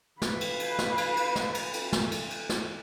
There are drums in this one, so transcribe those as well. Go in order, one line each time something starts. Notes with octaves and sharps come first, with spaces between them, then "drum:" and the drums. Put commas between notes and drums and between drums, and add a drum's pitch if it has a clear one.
B4 F5, drum: snare
drum: cymbal
drum: cymbal
drum: snare
drum: cymbal
drum: cymbal
drum: snare
drum: cymbal
drum: cymbal
drum: snare
drum: cymbal
drum: cymbal
drum: snare